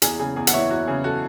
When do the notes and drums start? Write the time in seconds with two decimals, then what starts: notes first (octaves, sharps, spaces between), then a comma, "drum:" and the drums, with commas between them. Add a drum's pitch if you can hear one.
0.02 E2 G#4, drum: hi-hat
0.19 C#3 G#4
0.36 E2 G#4
0.47 F#5, drum: hi-hat
0.53 E3 C#5 E5
0.70 E2 F#4
0.87 C#3 G#4
1.04 F#4 A4